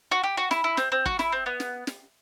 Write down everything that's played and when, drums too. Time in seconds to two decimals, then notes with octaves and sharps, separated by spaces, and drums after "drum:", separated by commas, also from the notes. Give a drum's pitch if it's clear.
0.11 F#4
0.24 G4
0.37 F#4
0.51 E4, drum: snare
0.64 E4
0.77 C4, drum: snare
0.92 C4
1.06 F#4, drum: kick
1.19 E4, drum: snare
1.32 C4
1.46 B3
1.60 drum: snare
1.87 drum: snare